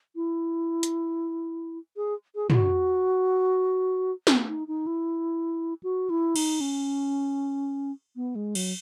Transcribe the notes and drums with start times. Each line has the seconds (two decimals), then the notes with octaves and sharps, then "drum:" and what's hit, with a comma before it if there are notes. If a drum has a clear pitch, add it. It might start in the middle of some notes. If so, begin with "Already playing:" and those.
0.16 E4
0.83 drum: hi-hat
1.97 G#4
2.36 G#4
2.50 E4, drum: tom
2.55 F#4
4.27 drum: snare
4.48 D#4
4.68 D#4
4.87 E4
5.83 F#4
6.10 E4
6.36 D#4, drum: cymbal
6.61 C#4
8.16 B3
8.35 G#3
8.55 F#3, drum: cymbal